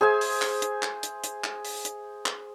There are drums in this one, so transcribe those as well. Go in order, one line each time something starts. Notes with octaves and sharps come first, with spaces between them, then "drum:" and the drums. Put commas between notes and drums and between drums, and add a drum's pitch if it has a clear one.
G#4 C5 E5 G#5
drum: open hi-hat
drum: clap
drum: hi-hat
drum: clap
drum: hi-hat
drum: hi-hat
drum: clap
drum: open hi-hat
drum: hi-hat
drum: clap